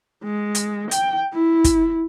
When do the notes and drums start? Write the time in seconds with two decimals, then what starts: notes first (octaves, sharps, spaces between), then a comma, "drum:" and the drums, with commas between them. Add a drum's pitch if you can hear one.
0.24 G#3
0.55 drum: hi-hat
0.91 G5, drum: hi-hat
1.33 E4
1.64 drum: kick, hi-hat